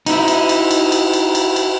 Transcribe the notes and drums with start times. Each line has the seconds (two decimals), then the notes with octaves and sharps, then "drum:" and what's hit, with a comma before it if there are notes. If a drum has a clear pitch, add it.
0.06 D#4 E4, drum: cymbal
0.28 drum: cymbal
0.49 drum: cymbal
0.71 drum: cymbal
0.92 drum: cymbal
1.13 drum: cymbal
1.35 drum: cymbal
1.56 drum: cymbal